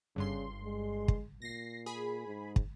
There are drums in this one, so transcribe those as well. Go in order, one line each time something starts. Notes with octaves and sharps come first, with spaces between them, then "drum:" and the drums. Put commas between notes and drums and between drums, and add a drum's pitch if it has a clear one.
G1 G2 C#3 C6
G#3
drum: kick
A#2 A#6 C7
G#4 B5
G#2
drum: kick